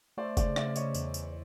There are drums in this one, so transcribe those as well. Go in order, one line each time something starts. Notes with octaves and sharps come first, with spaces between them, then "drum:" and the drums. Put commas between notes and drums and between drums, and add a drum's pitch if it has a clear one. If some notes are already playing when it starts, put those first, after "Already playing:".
A3 C5 D5
C#3 C5 D5, drum: kick, tambourine
C#3 D5 E5, drum: rim click
C#3 C#5 D#5, drum: tambourine
E2, drum: tambourine
E2, drum: tambourine